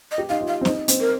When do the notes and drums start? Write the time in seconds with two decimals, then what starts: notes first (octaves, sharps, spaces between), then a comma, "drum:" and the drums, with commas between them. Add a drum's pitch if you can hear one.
0.11 D#5
0.18 G4
0.29 D#4 F5
0.41 F4
0.47 F5
0.61 C4
0.65 D#4, drum: snare C4
0.88 C4, drum: hi-hat
1.00 A#4